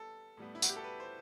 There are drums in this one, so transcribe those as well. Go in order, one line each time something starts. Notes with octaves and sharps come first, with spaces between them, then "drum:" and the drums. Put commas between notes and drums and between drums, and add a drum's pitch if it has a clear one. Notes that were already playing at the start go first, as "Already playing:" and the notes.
Already playing: G3 B3 A4
A2 G3 B3
E4
F#4, drum: tambourine
G4
A4
B4
C5